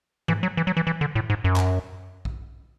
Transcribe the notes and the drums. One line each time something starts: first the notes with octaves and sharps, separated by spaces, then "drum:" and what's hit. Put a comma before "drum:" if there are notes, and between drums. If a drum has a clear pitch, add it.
E3, drum: tom G#2
F#3
E3
F#3
E3
E3
D3
A2
G#2
F#2
drum: clap
drum: kick A#1